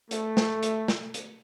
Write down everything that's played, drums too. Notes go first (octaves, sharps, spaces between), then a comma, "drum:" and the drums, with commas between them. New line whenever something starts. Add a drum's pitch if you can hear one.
A3, drum: hi-hat
drum: snare
drum: hi-hat
drum: snare
drum: hi-hat